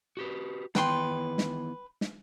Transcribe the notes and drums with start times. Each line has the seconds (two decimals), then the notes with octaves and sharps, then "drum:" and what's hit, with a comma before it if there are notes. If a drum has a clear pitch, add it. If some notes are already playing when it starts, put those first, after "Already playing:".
0.17 F#4 G4 B4
0.75 D#3 E3 B3 B4 G5 C6, drum: snare
1.38 drum: snare
2.01 drum: snare